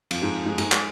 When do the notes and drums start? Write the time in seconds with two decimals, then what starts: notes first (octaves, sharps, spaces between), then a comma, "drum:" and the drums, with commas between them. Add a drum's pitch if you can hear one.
0.11 F2 F3, drum: cymbal
0.22 G#2 G#3
0.46 G#2 G#3
0.58 G#2 G#3, drum: cymbal
0.72 G#3, drum: clap